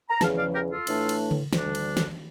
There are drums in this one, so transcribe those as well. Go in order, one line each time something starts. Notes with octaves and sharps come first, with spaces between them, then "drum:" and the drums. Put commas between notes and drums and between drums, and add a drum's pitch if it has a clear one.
A#5
E2 C#3 F3 C#4 F5 A5, drum: snare
D5 F5
G4 A#4
F4 A4
A2 E3 A3 D4, drum: cymbal
drum: cymbal
drum: tom C#3
D2 D3 G3 D4, drum: snare
drum: cymbal
drum: snare